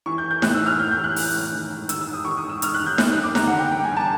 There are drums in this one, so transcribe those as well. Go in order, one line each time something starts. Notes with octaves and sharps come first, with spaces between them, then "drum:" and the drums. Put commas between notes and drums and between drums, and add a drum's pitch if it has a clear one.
E3 C#6
G6
E3
G6
A2 F#6, drum: snare D#4
E6
E3
F6
E3 G6
G6
E3
F#6
E3, drum: open hi-hat
A2
D#3
G#2
D#3 E6, drum: hi-hat
E6
G#2
D#6
D#3 C#6
D#6
G#2
E6
G#2 F6, drum: hi-hat
F#6
D#3
G6
G2 F#6, drum: snare D#4
F#6
G2
D6
D3 A#5, drum: snare D#4
F#5
D3
G5
G2 G5
G#5
G2
A5